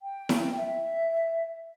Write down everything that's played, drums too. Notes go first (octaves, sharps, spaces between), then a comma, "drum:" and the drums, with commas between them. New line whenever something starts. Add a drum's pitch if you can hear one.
G5
drum: snare E4
E5